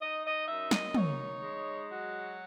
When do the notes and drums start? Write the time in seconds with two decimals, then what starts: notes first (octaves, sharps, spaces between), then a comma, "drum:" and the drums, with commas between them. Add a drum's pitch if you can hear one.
0.01 D#4 D#5
0.25 D#5
0.48 F#2 E5
0.71 D#5, drum: snare
0.94 D#4 C#5, drum: tom
1.42 G#3
1.89 F#3 F#4